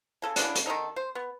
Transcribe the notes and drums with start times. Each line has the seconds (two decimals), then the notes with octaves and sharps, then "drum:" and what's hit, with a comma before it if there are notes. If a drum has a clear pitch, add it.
0.22 C#3 A4 G#5
0.36 C#3 E3 B3 D4, drum: hi-hat
0.55 drum: hi-hat
0.66 D#3 G3 D#4 A4
0.96 C5
1.15 B3